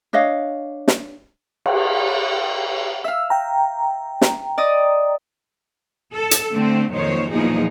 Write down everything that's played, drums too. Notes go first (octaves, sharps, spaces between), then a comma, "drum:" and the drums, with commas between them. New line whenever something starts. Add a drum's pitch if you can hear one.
D4 C#5 D#5 F5
drum: snare
drum: cymbal
E5 F5 E6
G5 A#5
drum: snare
D5 D#5 D#6
A4
drum: hi-hat
D3 A3 C4
F2 A#2 D#3 F#3 C5 C#5
E2 A#2 F3 F#3 D#4 G#4